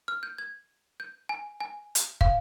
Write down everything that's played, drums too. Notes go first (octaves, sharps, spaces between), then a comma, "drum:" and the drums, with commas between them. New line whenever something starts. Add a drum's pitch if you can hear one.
F6
G6
G#6
G6
G#5
G#5
drum: hi-hat
F5, drum: kick